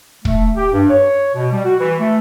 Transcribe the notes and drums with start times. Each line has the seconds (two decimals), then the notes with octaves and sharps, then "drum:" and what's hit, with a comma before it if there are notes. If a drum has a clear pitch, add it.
0.25 A3, drum: kick
0.56 G4
0.73 G2
0.90 C#5
1.35 B2
1.51 G3
1.65 F#4
1.80 E3
2.00 A3